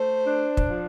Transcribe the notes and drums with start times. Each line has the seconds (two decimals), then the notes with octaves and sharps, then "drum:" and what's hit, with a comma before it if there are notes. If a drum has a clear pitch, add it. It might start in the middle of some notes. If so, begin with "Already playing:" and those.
Already playing: A3 C5
0.25 D4
0.57 drum: kick
0.69 F3